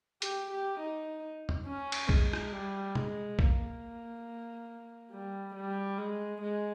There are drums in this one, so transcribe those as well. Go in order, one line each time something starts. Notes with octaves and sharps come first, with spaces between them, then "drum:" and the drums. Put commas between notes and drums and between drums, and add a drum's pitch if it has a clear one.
G4, drum: hi-hat
G4
D#4
drum: tom E2
C#4
drum: cymbal
G#3, drum: kick B1
drum: rim click
G3
G#3, drum: tom
A#3, drum: kick B1
G3
G3
G#3
G#3